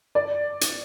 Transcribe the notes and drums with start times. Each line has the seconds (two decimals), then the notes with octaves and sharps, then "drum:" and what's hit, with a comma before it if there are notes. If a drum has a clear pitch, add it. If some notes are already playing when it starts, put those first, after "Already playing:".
0.15 D5
0.61 drum: hi-hat